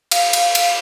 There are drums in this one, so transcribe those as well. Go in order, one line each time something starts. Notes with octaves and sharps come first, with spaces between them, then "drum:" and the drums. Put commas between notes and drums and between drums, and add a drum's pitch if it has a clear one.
F5, drum: cymbal
drum: cymbal
drum: cymbal